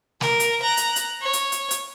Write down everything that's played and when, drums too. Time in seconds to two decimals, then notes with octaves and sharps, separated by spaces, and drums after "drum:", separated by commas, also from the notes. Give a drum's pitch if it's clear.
0.21 A#4, drum: snare
0.40 drum: hi-hat
0.62 A#5 F#6
0.77 drum: hi-hat
0.96 drum: hi-hat
1.22 C#5
1.33 drum: hi-hat
1.52 drum: hi-hat
1.71 drum: hi-hat